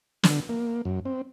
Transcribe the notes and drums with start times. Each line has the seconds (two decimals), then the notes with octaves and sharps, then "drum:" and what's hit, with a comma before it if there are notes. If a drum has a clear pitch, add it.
0.23 D3, drum: snare
0.49 A#3
0.85 F#2
1.05 C4